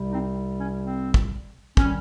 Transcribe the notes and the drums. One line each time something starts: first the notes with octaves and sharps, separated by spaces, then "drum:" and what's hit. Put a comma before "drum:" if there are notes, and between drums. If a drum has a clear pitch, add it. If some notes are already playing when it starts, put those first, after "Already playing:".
Already playing: C2 C3 G3
C4 D#4
C#4
C4
drum: kick
D#3 G3 C#4, drum: kick